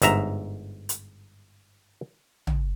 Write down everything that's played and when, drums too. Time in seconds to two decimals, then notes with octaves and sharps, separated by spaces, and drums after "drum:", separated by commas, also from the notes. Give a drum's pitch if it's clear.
0.02 G1 G#2 E5 A#5, drum: hi-hat
0.89 drum: hi-hat
2.47 drum: tom